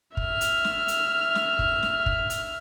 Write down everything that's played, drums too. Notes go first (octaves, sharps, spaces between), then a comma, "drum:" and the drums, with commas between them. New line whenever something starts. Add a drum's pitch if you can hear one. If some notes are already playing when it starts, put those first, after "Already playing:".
E5 F6, drum: kick
drum: hi-hat
drum: snare
drum: hi-hat
drum: snare
drum: kick
drum: snare
drum: kick
drum: hi-hat